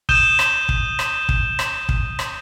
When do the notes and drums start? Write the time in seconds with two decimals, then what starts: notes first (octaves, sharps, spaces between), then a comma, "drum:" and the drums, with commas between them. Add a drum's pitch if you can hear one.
0.09 D#6 G6 D#7 E7 G7, drum: kick
0.39 drum: rim click
0.69 drum: kick
0.99 drum: rim click
1.29 drum: kick
1.59 drum: rim click
1.89 drum: kick
2.19 drum: rim click